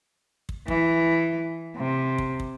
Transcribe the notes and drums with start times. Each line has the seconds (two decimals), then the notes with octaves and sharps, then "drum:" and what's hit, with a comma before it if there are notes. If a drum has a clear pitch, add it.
0.49 drum: kick
0.68 E3, drum: kick
1.76 C3
2.18 drum: kick
2.40 drum: kick